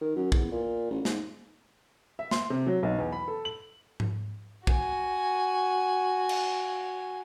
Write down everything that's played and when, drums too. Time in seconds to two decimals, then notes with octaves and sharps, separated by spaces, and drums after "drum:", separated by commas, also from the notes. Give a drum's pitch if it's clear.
0.01 D#3
0.16 F#2
0.32 E2, drum: kick A#1
0.52 A#2
0.90 A1
1.05 G#2, drum: snare
2.19 E5
2.31 C6, drum: snare
2.50 C3
2.67 F#3
2.83 B1
2.99 E2
3.12 B5
3.28 A4
3.45 F#7
4.00 drum: tom G#2
4.67 F#4 G#5, drum: kick A#1
6.29 drum: cymbal